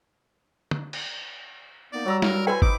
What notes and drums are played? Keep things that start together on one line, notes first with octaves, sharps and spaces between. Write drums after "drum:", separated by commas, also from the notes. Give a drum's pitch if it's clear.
drum: tom
drum: cymbal
A#3 B3 D#4 D5
F#3 G3 A#5 E6
A#4, drum: snare
E4 B4 C5 G5 G#5 B5
D#4 D6, drum: kick